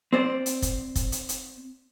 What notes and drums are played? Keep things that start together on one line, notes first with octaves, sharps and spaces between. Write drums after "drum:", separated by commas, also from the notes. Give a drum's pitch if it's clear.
C4 C5 D5
drum: hi-hat
drum: kick, hi-hat
drum: kick, hi-hat
drum: hi-hat
drum: hi-hat